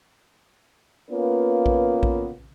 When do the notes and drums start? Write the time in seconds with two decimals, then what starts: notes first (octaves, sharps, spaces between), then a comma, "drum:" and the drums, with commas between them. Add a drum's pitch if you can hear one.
1.10 A#3 B3 C#4 F4 B4
1.66 drum: kick A#1
2.03 drum: kick A#1